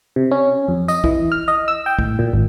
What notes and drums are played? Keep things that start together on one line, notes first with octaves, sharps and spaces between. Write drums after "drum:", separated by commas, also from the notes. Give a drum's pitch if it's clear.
C3
C#4
F2
D#5, drum: tambourine
E3, drum: kick
F6
D#5
E6
G5
A2, drum: kick
A#2
G#1